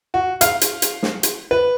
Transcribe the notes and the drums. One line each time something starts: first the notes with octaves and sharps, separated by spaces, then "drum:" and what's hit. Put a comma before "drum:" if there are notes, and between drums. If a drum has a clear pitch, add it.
F#4
F5, drum: hi-hat
drum: hi-hat
drum: hi-hat
drum: snare
drum: hi-hat
B4